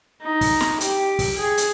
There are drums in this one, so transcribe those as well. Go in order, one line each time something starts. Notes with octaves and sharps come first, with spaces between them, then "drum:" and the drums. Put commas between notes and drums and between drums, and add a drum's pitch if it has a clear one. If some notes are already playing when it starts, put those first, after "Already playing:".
D#4
drum: kick, open hi-hat
drum: snare
G4, drum: hi-hat
drum: kick, open hi-hat
G#4
drum: hi-hat